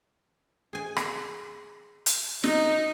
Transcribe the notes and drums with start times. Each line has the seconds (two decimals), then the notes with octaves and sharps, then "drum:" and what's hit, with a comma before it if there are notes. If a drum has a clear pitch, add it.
0.73 G#4 G#5
0.96 drum: rim click
2.06 drum: hi-hat
2.44 D#4 D#5, drum: snare